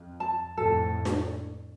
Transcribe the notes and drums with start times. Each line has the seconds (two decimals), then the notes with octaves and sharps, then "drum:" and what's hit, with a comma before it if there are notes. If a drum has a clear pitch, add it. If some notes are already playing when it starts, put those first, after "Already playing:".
Already playing: F2
0.20 A5
0.57 F2 A2 A4
1.05 drum: snare D4